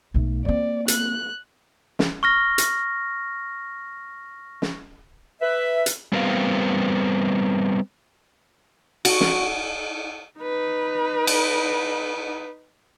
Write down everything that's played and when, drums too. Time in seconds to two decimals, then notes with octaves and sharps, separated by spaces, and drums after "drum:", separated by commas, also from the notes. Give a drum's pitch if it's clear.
0.14 B1 A3
0.45 A#3 C4 D5
0.88 F#6, drum: hi-hat
1.99 drum: snare
2.23 C#6 F6 A#6
2.58 drum: hi-hat
4.62 drum: snare
5.41 B4 E5
5.86 drum: hi-hat
6.12 G3 B3 C4 A#4 B4 F5
9.05 F#4, drum: cymbal
9.20 drum: snare
10.39 D#4 B4
11.27 drum: cymbal